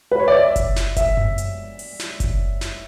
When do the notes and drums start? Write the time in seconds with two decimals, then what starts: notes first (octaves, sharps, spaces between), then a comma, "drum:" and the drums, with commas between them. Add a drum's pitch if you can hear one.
0.12 B4
0.20 C#5
0.28 D5
0.35 E5
0.56 drum: kick F#1, hi-hat
0.76 drum: snare
0.96 E5, drum: kick F#1, hi-hat
1.17 drum: tom F#2
1.38 drum: hi-hat
1.79 drum: open hi-hat
1.99 drum: snare
2.20 drum: kick F#1, hi-hat
2.61 drum: snare